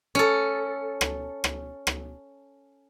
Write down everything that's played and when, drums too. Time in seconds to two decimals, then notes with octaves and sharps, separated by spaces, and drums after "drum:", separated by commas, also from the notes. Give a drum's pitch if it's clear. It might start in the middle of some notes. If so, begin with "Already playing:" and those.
0.15 C#4 A4
1.01 drum: rim click
1.44 drum: rim click
1.87 drum: rim click